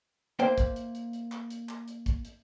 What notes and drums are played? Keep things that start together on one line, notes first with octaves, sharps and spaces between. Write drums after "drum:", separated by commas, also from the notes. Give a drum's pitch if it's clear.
A#3 C5 E5 G5
drum: kick, hi-hat
drum: hi-hat
drum: hi-hat
drum: hi-hat
drum: clap
drum: hi-hat
drum: clap
drum: hi-hat
drum: kick, hi-hat
drum: hi-hat